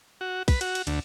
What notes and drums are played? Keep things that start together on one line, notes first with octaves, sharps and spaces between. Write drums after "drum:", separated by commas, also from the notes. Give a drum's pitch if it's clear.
F#4
B4, drum: kick, cymbal
F#4, drum: cymbal
drum: cymbal
D2, drum: cymbal